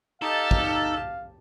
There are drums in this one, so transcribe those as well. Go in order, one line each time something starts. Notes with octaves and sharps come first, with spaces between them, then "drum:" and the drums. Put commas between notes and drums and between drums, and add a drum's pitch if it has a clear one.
D#4 G4 A4 F5 A5
drum: kick